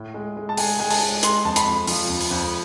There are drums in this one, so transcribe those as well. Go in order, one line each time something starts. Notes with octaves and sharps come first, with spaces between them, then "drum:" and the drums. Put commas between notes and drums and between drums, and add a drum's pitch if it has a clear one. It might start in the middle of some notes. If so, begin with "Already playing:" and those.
Already playing: A2
G#3
G#3
A5
G#3 G#5, drum: open hi-hat
G#3 G#5
A5, drum: open hi-hat
G#3
G#3 C6, drum: hi-hat
F2 A5
B5, drum: hi-hat
F2
F3, drum: open hi-hat
F2
drum: open hi-hat
F2